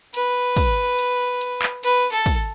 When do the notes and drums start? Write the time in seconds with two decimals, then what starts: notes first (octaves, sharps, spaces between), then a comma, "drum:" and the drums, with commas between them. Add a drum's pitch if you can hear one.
0.14 B4, drum: hi-hat
0.56 drum: kick, open hi-hat
0.99 drum: hi-hat
1.41 drum: hi-hat
1.62 drum: clap
1.83 B4, drum: hi-hat
2.12 A4
2.26 drum: kick, open hi-hat